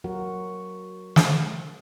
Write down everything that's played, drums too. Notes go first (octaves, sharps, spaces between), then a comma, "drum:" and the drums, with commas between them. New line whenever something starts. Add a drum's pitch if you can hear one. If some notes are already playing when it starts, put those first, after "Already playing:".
F#3 F#4 A#4
drum: snare